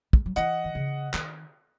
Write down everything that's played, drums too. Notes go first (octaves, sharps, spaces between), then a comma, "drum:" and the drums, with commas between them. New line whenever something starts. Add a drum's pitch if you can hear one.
G#3, drum: kick
F#3
E3 D#5 F#5, drum: hi-hat
D#3
C#3
D#3, drum: clap